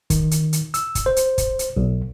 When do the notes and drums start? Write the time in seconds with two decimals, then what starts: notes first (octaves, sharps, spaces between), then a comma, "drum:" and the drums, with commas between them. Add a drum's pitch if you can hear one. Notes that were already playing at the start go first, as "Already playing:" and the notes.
0.10 D#3, drum: kick, hi-hat
0.31 drum: hi-hat
0.53 drum: hi-hat
0.74 E6, drum: hi-hat
0.95 drum: kick, hi-hat
1.06 C5
1.16 drum: hi-hat
1.38 drum: kick, hi-hat
1.59 drum: hi-hat
1.77 B1